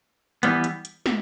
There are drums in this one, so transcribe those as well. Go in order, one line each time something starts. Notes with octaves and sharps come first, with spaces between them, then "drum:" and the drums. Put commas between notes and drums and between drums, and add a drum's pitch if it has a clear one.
E3 G3 B3, drum: hi-hat
drum: hi-hat
drum: hi-hat
drum: snare